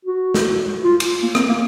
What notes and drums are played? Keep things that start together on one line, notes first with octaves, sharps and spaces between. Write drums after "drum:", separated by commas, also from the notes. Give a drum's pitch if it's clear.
F#4
drum: snare
F4
drum: cymbal
A#3
C4, drum: rim click
A#3